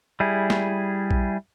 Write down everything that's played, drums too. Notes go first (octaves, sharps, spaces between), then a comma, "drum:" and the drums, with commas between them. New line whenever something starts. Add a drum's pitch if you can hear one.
G3 E4 G#4
drum: snare
drum: kick A#1